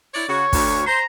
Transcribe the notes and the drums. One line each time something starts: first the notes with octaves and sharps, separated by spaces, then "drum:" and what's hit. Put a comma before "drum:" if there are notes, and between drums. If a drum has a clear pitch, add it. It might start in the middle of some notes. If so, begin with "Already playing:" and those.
E4 C#5 D5
C#3 F#4 C#5
D2, drum: kick, open hi-hat
C5 A#5